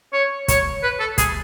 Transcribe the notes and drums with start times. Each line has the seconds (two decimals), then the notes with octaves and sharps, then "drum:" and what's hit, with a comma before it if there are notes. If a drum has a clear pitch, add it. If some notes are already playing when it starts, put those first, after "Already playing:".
0.13 C#5
0.48 C#5, drum: kick, hi-hat
0.83 B4
1.00 A4
1.18 G#4, drum: kick, hi-hat